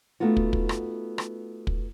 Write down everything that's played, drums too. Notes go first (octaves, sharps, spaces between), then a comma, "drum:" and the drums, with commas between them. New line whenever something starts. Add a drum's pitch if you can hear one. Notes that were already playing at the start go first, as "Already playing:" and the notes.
A3 B3 D#4 F4 F#4
drum: kick
drum: kick
drum: rim click
drum: rim click
drum: kick